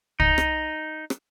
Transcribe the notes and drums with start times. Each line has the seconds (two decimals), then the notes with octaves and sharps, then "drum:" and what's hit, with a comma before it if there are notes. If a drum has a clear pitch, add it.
0.20 D#4, drum: kick
0.38 drum: rim click
1.10 drum: rim click